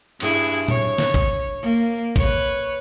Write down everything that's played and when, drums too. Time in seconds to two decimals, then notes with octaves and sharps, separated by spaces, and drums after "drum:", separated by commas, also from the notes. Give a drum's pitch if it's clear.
0.20 G2 E4 G#4, drum: cymbal
0.68 C#5, drum: tom A#2
0.98 drum: snare
1.14 drum: kick
1.62 A#3
2.16 B4 C#5, drum: kick